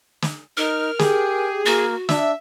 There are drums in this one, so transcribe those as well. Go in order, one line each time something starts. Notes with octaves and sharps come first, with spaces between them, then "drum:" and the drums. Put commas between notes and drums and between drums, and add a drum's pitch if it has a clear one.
drum: snare
D#4 A#4 F6
G4 G#4, drum: snare
A#3 F#4
D4 E5, drum: snare